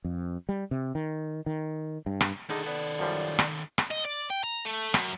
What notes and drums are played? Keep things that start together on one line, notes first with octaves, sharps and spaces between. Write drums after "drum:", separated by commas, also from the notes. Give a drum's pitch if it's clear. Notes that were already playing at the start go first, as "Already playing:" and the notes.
F2
G3
C3
D#3
D#3
G2
drum: rim click
D3 D#3 D#4 G#4 A4
B3 D5
F#2 F3 G3
drum: rim click
drum: rim click
D#5
D5
G5
A#5
A3
F#2, drum: rim click